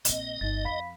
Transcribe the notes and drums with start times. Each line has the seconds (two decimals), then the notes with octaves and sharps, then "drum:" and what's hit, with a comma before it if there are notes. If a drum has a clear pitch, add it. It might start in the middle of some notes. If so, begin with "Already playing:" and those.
0.05 A#1 C4 D#5, drum: hi-hat
0.41 G1 D#4 A6
0.65 F2 F5 B5 B6